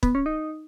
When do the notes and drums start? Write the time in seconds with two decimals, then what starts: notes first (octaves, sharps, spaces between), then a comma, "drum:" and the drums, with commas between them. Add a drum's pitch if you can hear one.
0.03 B3, drum: kick
0.15 C#4
0.26 D#4